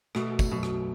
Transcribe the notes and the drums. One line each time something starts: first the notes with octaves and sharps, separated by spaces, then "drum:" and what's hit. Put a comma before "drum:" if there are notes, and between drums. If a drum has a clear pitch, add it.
B2 A3, drum: rim click
drum: kick, tambourine
F#2 B2
drum: rim click